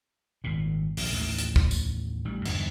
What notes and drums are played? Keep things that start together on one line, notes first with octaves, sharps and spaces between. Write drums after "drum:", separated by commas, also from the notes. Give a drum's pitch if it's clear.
G#1 A#2
A#1, drum: open hi-hat
A1 D#2
drum: hi-hat
drum: kick
drum: tambourine
A1 G3
E2 G2 D3 E3, drum: cymbal